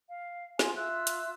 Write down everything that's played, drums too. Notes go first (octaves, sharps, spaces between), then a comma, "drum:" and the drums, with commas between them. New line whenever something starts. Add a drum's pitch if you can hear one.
F5
D#4 F4 G#4 G#5, drum: snare
F4 E5 E6 F#6
drum: hi-hat